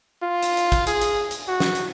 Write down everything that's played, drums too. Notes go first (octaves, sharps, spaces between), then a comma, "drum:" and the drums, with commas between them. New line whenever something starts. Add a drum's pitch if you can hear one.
F4
drum: hi-hat
drum: hi-hat
drum: kick, hi-hat
G#4, drum: hi-hat
drum: hi-hat
drum: hi-hat
F#4
drum: snare
drum: hi-hat